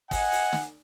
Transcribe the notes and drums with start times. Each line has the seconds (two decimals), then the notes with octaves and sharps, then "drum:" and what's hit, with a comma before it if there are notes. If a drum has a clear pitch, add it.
0.11 D#5 F#5 G#5, drum: kick, open hi-hat
0.32 drum: open hi-hat
0.53 drum: snare